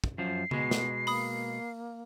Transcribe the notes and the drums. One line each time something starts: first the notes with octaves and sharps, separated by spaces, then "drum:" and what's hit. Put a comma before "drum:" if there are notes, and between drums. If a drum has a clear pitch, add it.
drum: kick
F#2 F3 C7
B2 G#3 B3, drum: tom C#3
drum: snare
A#3 B5 D#6, drum: open hi-hat